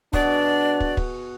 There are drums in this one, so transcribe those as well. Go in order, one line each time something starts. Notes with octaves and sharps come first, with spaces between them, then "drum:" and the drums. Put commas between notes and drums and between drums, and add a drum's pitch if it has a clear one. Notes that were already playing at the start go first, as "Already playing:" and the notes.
B2 D4 F#4 G#4 D5, drum: kick
drum: kick
drum: kick